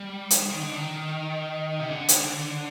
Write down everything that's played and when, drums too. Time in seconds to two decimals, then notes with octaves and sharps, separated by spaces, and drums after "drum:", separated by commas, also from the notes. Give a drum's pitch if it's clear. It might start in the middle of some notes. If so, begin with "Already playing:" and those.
Already playing: G3
0.30 drum: hi-hat
0.49 D#3
0.61 D3
0.74 D#3
1.80 C3
1.91 D3
2.09 drum: hi-hat